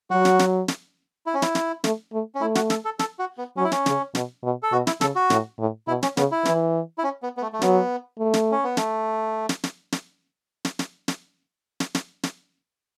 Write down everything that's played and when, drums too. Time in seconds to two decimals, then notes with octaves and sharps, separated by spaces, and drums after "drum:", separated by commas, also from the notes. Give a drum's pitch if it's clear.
0.10 F#3 F#4
0.25 drum: snare
0.39 drum: snare
0.68 drum: snare
1.26 E4
1.34 C#4
1.42 E4, drum: snare
1.55 drum: snare
1.84 A3, drum: snare
2.13 A3
2.35 C#4
2.41 A3 E4
2.55 F#4, drum: snare
2.70 A4, drum: snare
2.85 A4
2.99 A4, drum: snare
3.19 F#4
3.38 B3
3.57 F#3 C#4
3.64 E4
3.72 C#4, drum: snare
3.86 C#3, drum: snare
4.15 B2, drum: snare
4.44 B2
4.63 A4
4.72 B2 F#4
4.87 E4, drum: snare
5.01 C#3 A4, drum: snare
5.16 F#4
5.30 A2, drum: snare
5.59 A2
5.87 B2 E4
6.03 C#4, drum: snare
6.17 C#3 B3, drum: snare
6.31 E4
6.45 E3, drum: snare
6.98 E4
7.03 C#4
7.23 B3
7.37 B3
7.42 A3
7.53 A3
7.62 F#3 B3, drum: snare
8.19 A3
8.34 drum: snare
8.52 C#4
8.64 B3
8.77 A3, drum: snare
9.49 drum: snare
9.64 drum: snare
9.92 drum: snare
10.65 drum: snare
10.79 drum: snare
11.08 drum: snare
11.80 drum: snare
11.95 drum: snare
12.23 drum: snare